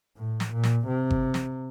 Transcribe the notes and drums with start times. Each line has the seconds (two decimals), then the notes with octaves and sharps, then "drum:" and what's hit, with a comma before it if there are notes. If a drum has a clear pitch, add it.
0.17 A2
0.40 drum: snare
0.52 A#2
0.63 drum: snare
0.87 C3
1.10 drum: kick G1
1.34 drum: snare